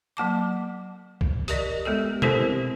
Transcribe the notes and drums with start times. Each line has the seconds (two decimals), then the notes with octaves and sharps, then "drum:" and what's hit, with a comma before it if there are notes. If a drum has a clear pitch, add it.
0.17 F#3 A#3 A5 D6
1.21 drum: kick B1
1.48 G4 A#4 D5 D#5, drum: hi-hat
1.85 G#3 B3 G4 A4
2.22 C4 E4 G4 A4 A#4 C5, drum: tom B2